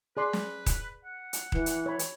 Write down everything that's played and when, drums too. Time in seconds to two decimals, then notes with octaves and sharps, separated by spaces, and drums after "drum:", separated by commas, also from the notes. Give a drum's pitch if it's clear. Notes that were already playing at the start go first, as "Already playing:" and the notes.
0.17 G#4 B4 D5 C6
0.33 drum: snare
0.66 drum: kick D#1, hi-hat
1.05 F#5
1.33 drum: hi-hat
1.52 E3, drum: kick D#1
1.66 drum: hi-hat
1.86 C#5 B5
1.99 drum: hi-hat